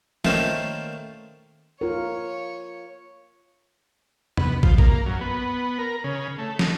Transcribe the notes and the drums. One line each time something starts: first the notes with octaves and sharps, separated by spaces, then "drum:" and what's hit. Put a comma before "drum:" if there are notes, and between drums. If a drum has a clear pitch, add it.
D#3 A3 A#3 C#4 F4 C5, drum: snare
F4 A#4 C#5
B3, drum: tom E2
F3, drum: kick
A#3, drum: kick
F#2
B3
A#4
C#3
A3
D#3, drum: snare